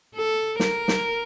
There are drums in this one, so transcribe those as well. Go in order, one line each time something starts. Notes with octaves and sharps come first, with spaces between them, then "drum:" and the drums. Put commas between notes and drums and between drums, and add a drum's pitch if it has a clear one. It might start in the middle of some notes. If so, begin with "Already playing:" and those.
A4
A#4, drum: snare
drum: snare